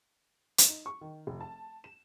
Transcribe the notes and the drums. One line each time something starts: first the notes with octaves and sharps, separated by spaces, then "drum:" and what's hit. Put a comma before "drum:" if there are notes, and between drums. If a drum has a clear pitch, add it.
drum: hi-hat
D#4
C#6
D#3
F1
A5
E7